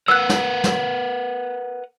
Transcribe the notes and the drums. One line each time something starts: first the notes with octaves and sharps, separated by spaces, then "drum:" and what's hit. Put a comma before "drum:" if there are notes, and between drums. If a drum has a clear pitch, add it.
A#4 B4 F#5 E6 F#6
drum: snare
drum: snare